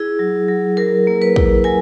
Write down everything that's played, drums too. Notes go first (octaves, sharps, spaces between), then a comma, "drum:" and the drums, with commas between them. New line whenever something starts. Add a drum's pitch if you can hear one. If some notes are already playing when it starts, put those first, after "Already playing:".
Already playing: E4 G#4
F#3
F#3
F#3 A#4
A#3
B4
E4, drum: kick
F#3 G#5